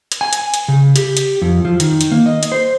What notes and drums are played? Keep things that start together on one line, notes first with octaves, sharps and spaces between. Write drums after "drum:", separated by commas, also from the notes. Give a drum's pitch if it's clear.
drum: hi-hat
G#5
drum: hi-hat
drum: hi-hat
C#3
G4, drum: hi-hat
drum: hi-hat
F2
F3
D#3, drum: hi-hat
drum: hi-hat
A#3
D#5
drum: hi-hat
C5